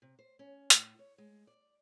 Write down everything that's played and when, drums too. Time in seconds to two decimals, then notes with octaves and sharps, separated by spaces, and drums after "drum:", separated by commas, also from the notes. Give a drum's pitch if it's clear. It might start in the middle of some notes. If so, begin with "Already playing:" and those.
0.02 C3
0.19 C5
0.39 C#4
0.70 A2, drum: hi-hat
0.99 C#5
1.18 G#3
1.47 D5